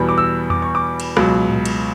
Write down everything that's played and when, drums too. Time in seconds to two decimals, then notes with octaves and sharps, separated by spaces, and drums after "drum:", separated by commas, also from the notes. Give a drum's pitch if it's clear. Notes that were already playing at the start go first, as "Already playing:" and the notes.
Already playing: E2 B2 G3 B3
0.09 D6
0.18 E6
0.50 D6, drum: tom E2
0.62 C#6
0.75 D6
1.00 drum: cymbal
1.17 C#2 B2 F#3, drum: rim click
1.49 drum: tom A2
1.66 drum: cymbal